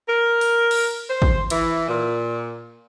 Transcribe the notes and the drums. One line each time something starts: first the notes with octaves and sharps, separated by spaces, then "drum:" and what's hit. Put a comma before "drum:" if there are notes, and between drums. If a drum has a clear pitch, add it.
A#4
drum: open hi-hat
drum: cymbal
C5
drum: kick
E3, drum: cymbal
A#2